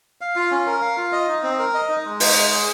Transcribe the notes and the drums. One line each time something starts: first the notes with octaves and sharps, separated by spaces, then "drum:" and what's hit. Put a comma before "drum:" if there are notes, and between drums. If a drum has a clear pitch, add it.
F5
F4
C#4
A#4
F5
F4
D#5
D#4
C4
A#4
D#5
D#4
G#3
D#4, drum: open hi-hat
G#3
G#4